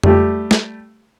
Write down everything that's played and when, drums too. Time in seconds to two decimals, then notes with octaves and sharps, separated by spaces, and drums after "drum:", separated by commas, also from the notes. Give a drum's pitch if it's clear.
0.03 G3 A3 G4, drum: tom F2
0.51 drum: snare